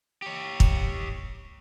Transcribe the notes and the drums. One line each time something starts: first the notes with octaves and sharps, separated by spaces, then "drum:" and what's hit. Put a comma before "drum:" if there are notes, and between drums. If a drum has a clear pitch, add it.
G4 C#5
drum: kick